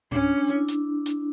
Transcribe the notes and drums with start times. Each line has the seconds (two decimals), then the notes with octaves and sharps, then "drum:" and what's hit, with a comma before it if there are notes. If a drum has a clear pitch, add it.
0.11 C#4 D4, drum: tom G#2
0.38 D4
0.50 E4
0.68 drum: hi-hat
1.06 drum: hi-hat